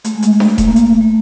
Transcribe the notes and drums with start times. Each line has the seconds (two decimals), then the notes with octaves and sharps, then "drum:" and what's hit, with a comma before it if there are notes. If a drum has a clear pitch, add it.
0.05 A3, drum: hi-hat
0.15 G#3
0.22 A3, drum: hi-hat
0.40 drum: snare D4
0.58 A3, drum: kick E1, hi-hat
0.68 A#3
0.76 A3, drum: hi-hat
1.01 A3